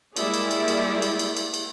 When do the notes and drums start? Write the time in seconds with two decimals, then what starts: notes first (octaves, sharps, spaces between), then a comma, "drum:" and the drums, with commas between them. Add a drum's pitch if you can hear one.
0.16 G3 G#3 A#3 E4 G#4 D5, drum: cymbal
0.34 drum: cymbal
0.51 drum: cymbal
0.68 drum: cymbal
1.02 drum: cymbal
1.19 drum: cymbal
1.37 drum: cymbal
1.54 drum: cymbal